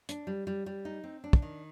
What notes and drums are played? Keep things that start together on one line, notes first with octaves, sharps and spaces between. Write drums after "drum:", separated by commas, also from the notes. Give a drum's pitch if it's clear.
D4, drum: hi-hat
G3
G3
G3
D#4
C4
D4
drum: kick
D#3